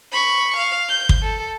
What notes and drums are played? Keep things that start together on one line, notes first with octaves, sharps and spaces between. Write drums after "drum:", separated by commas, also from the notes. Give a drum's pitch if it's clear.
B5 C#6
F5
G6
drum: kick
A4